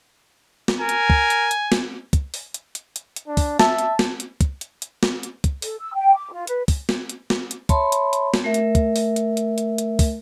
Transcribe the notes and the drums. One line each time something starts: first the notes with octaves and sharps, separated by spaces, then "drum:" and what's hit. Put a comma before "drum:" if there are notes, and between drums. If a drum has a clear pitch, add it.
drum: snare
A#4 G#5
drum: hi-hat
drum: kick
drum: hi-hat
drum: hi-hat
drum: snare
drum: kick, hi-hat
drum: open hi-hat
drum: hi-hat
drum: hi-hat
drum: hi-hat
drum: hi-hat
D4
drum: kick, open hi-hat
E5 A5, drum: snare
drum: hi-hat
drum: snare
drum: hi-hat
drum: kick, hi-hat
drum: hi-hat
drum: hi-hat
drum: snare
drum: hi-hat
drum: kick, hi-hat
A4, drum: open hi-hat
E6
G5
D6
F4
B4, drum: hi-hat
drum: kick, open hi-hat
drum: snare
drum: hi-hat
drum: snare
drum: hi-hat
C#5 E5 A5 B5 C6, drum: kick, hi-hat
drum: hi-hat
drum: hi-hat
drum: snare
A3 A#4 E5
drum: hi-hat
drum: kick, hi-hat
drum: open hi-hat
drum: hi-hat
drum: hi-hat
drum: hi-hat
drum: hi-hat
drum: kick, open hi-hat